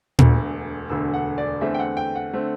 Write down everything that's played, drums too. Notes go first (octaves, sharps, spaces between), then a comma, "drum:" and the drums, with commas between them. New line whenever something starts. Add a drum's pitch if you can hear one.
E1 D2 D3, drum: tom A#2
E1 D2 D3 E6
F#5
D5
E2 D3 A3 C4 E5
G5
F#5
G5
F#5
D3 A3 C4